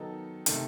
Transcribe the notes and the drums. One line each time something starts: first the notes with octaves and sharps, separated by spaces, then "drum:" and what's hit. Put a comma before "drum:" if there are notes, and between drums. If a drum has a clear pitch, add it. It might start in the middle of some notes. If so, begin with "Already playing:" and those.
Already playing: D#3 F#3 B3 D#4 A4
C3 D#3 A3, drum: hi-hat